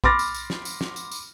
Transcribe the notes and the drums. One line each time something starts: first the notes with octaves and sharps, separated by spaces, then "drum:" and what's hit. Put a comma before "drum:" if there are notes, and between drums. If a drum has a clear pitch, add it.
B5 C6 D6 F6 A6 A#6, drum: kick A#1
drum: tambourine
drum: tambourine
drum: snare
drum: tambourine
drum: snare
drum: tambourine
drum: tambourine